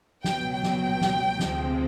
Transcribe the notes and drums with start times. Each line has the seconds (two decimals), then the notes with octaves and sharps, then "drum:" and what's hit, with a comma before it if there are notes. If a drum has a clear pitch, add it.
0.24 C#2 B2 F#3 B3 G5, drum: snare
0.54 G5
0.63 drum: snare
1.01 drum: snare
1.39 D2 C3 F3 G#3 C4, drum: snare